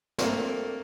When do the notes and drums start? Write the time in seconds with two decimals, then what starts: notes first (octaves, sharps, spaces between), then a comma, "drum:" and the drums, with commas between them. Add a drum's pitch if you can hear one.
0.18 A3 A#3 C4 D4 A#4, drum: snare